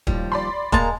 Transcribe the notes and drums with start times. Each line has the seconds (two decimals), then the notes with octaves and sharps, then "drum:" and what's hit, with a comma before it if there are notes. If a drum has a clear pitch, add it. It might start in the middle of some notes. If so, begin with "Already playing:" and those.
0.07 D#2 F3 G3, drum: kick
0.32 D5 B5 C6
0.72 G#3 A#3 G#4 A5 A#5, drum: kick